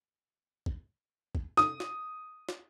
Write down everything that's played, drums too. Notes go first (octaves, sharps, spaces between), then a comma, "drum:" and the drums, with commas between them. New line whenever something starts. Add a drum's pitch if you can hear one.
drum: kick
drum: kick
D#6, drum: snare
drum: snare
drum: snare